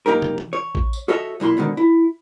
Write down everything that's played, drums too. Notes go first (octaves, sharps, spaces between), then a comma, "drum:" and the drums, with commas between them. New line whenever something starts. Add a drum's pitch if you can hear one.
F#2 A#3 D#4 G4 A#4
drum: tom
drum: tom E3
C#5
drum: kick A1
drum: tambourine
F#4 A4 C#5 D#5 E5
B1 A#2 E4 C6
G#2 B2 D3 D#3
E4